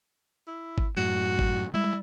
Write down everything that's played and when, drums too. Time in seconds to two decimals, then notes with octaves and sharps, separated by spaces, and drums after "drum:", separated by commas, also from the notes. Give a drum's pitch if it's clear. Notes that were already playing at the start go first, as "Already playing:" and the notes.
0.47 E4
0.78 drum: kick G#1
0.97 F#2 A2 F#4
1.39 drum: kick G#1
1.74 G3 G#3 E4